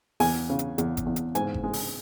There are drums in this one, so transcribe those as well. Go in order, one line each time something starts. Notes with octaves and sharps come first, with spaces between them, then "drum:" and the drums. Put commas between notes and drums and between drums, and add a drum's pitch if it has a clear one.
E2 G#5, drum: open hi-hat
C#3
drum: hi-hat
E2, drum: hi-hat
drum: kick G1, hi-hat
E2
drum: hi-hat
G#2 G#5, drum: hi-hat
drum: kick G1
G#3
drum: open hi-hat